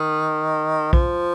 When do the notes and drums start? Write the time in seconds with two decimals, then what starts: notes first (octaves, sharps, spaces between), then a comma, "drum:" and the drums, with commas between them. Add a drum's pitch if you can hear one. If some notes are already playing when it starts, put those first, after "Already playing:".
Already playing: D#3
0.93 F3, drum: kick B1